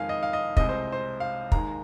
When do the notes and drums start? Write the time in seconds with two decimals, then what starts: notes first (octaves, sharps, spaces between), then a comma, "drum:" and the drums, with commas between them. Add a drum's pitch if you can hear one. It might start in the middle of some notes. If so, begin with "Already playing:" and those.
Already playing: F2 D#3 G#3 F5 G#5
0.09 D#5
0.23 F5
0.33 D#5
0.57 C2 C3 G#3 D#5, drum: kick
0.69 C5
0.92 C5
1.20 F5
1.52 D#2 D#3 G#3 A#5, drum: kick